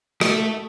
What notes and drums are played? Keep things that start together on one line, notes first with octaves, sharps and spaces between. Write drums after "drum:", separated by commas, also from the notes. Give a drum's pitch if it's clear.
A3, drum: rim click